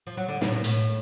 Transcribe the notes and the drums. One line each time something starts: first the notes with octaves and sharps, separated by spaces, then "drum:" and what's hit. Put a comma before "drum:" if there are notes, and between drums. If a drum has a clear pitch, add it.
F3
F#3
D3
C#3, drum: snare
A2
B2
A2, drum: hi-hat